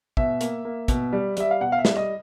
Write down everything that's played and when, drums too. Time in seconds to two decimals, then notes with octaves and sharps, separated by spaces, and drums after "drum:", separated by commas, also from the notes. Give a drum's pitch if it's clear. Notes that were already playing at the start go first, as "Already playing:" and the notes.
0.17 B2 E5, drum: kick
0.41 A#3, drum: hi-hat
0.65 A#3
0.88 B2, drum: kick, hi-hat
1.12 G3
1.37 G3 E5, drum: hi-hat
1.51 F5
1.60 B2 F#5
1.72 F5
1.79 E5
1.85 G3, drum: snare
1.96 D#5